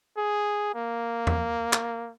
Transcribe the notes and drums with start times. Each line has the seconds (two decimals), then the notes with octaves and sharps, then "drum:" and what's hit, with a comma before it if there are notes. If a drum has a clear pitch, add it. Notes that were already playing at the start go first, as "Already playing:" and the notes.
0.17 G#4
0.74 A#3
1.27 drum: tom E2
1.73 drum: clap